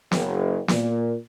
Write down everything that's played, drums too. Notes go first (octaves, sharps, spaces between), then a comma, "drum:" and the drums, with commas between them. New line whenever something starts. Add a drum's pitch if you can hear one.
F#1, drum: snare
A#2, drum: snare